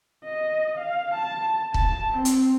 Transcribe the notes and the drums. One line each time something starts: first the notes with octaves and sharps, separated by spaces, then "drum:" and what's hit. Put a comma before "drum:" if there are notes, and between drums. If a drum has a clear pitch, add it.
D#5
F5
A5
A5, drum: kick C#1
C4
drum: hi-hat